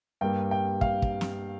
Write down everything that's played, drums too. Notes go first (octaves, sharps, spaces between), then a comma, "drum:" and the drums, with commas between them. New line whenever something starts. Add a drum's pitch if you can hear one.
G2 G3 A#3 G5
G5
F5, drum: kick
drum: kick
drum: snare